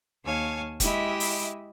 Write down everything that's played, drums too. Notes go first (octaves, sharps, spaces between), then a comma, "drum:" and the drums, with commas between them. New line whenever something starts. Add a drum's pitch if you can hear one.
D#2 C#5 F5 G#5 A5
G#3 E4 G4 D#5 E5 B5, drum: kick, hi-hat
drum: open hi-hat